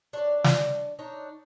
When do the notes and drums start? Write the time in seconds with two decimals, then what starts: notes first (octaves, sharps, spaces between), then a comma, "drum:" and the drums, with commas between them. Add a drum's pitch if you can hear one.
0.13 D4 C#5 D5
0.44 drum: snare
0.99 D4 D#4 C#5